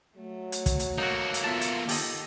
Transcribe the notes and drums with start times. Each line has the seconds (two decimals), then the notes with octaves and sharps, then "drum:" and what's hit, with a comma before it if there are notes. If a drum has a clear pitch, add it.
0.17 F#3 A3
0.52 drum: hi-hat
0.66 drum: kick, hi-hat
0.80 drum: hi-hat
0.98 A#3 D#4 F#4 A4
1.34 drum: hi-hat
1.44 B3 F4 E5 A5
1.61 drum: hi-hat
1.89 D#3 G4 A4 D#5, drum: open hi-hat